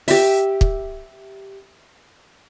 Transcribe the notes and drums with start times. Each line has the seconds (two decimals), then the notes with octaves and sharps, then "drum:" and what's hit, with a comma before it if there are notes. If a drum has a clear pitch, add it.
0.08 G4 E5, drum: open hi-hat
0.61 drum: kick